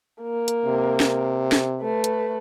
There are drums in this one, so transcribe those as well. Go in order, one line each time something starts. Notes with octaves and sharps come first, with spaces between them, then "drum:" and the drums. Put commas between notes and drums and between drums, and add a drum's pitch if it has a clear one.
A#3
drum: hi-hat
C3
drum: snare
drum: snare
A3 B4
drum: hi-hat